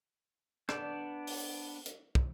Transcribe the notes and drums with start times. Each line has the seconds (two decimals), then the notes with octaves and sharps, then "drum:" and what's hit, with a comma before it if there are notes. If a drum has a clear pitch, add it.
0.69 B3 D4 D5 A5 G6, drum: rim click
1.27 drum: open hi-hat
1.86 drum: hi-hat
2.15 drum: kick